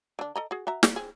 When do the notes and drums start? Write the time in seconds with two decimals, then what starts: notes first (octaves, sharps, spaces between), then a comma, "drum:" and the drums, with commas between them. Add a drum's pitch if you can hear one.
0.19 D3 D4
0.36 A4 D#5 A#5
0.51 F#4 G#4
0.67 F#4 E5 A#5
0.83 A#3, drum: snare
0.96 C4 G#4